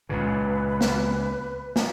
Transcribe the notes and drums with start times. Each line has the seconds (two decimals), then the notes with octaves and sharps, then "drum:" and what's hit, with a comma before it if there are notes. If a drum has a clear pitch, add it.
0.09 C#2 A#2 C#3 B4
0.81 drum: snare
1.76 drum: snare